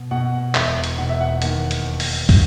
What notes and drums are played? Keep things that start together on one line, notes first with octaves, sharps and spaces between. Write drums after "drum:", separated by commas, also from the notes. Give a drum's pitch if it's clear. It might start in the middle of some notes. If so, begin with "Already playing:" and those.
Already playing: B2
B2 F#5
E1 E5, drum: clap
drum: hi-hat
E1 F#5
E5
F#5
D#2 F#5, drum: hi-hat
drum: hi-hat
drum: open hi-hat
drum: kick, open hi-hat